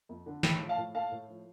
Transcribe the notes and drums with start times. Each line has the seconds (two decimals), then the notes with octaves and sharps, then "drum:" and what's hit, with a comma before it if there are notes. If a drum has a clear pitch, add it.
0.09 F2
0.26 D3
0.43 A2 G5 B5, drum: snare
0.60 F3
0.69 F5 A5
0.77 A2
0.95 A3 F5 A5
1.11 A2
1.28 F3